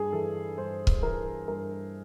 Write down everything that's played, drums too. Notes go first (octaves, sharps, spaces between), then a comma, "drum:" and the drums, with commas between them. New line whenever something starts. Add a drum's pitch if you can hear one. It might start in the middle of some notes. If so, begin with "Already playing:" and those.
Already playing: G2 G#4
E3 A4
G2 C5
drum: kick C#1
E3 A#4
G2 A#4